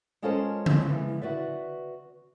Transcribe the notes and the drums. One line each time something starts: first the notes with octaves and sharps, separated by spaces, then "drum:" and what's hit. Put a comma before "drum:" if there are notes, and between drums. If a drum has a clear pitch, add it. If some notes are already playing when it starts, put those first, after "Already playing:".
G#3 C#4 F4 A4 A#4 C5
drum: tom C#3
E3 F3 G#3
F#4 B4 D5 E5